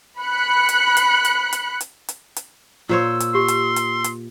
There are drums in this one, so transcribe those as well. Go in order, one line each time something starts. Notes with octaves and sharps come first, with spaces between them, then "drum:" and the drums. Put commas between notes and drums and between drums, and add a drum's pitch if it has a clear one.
B5 F#6 C#7
drum: hi-hat
drum: hi-hat
drum: hi-hat
drum: hi-hat
drum: hi-hat
drum: hi-hat
drum: hi-hat
A#2 C5 C#5 E6
drum: hi-hat
G4 C6
drum: hi-hat
drum: hi-hat
drum: hi-hat